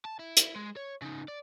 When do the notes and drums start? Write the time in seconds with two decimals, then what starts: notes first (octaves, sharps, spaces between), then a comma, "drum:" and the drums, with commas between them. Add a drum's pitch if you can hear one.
0.05 A5
0.19 E4
0.37 drum: hi-hat
0.56 G#3
0.76 C#5
1.02 C#3 D#4
1.28 D5